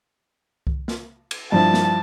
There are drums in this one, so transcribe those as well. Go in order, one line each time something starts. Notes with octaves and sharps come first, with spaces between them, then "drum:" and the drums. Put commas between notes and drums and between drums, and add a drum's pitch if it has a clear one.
drum: kick C2
drum: snare
drum: cymbal
G2 F3 E4 A5
drum: snare